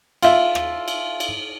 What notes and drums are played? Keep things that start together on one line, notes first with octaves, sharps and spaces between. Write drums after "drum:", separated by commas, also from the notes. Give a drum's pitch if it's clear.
F4 E5, drum: cymbal
drum: rim click
drum: cymbal
drum: cymbal